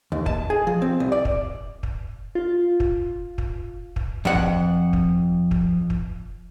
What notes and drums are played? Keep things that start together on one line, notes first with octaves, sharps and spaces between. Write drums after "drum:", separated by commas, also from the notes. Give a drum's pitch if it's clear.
D#2
A5, drum: kick
G#4
F3
C4
C2
D5
drum: kick
drum: kick
F4
drum: kick
drum: kick
drum: kick
F2 F#5
drum: kick
drum: kick
drum: kick
drum: kick